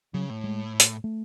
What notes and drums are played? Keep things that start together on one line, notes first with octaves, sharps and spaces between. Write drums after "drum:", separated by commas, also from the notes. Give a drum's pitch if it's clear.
C#3 F#3
A2
G#3
drum: hi-hat
A3